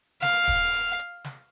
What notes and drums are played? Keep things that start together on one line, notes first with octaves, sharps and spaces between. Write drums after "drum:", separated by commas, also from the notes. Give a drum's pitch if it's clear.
F5, drum: snare
drum: kick, hi-hat
drum: hi-hat
drum: hi-hat
drum: snare